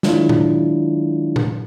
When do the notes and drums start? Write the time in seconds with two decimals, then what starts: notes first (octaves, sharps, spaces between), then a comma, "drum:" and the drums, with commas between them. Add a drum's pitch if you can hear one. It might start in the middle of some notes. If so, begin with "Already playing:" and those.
0.03 D#3 F#3 G#3 D4 E4 F4, drum: snare
0.29 drum: tom A#2
1.36 drum: tom A#2